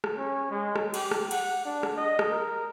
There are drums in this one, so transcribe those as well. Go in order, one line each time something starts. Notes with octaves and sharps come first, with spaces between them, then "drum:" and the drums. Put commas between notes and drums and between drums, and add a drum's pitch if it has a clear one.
drum: rim click
C#4
G#3
drum: rim click
G4, drum: cymbal
drum: rim click
F#5, drum: cymbal
D4
drum: rim click
D#5
drum: rim click
A#4